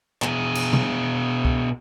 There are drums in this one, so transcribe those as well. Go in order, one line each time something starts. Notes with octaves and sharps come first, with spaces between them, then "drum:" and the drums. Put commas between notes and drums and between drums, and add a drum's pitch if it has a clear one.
B2 G#4, drum: clap
drum: cymbal
drum: tom B2
drum: kick C2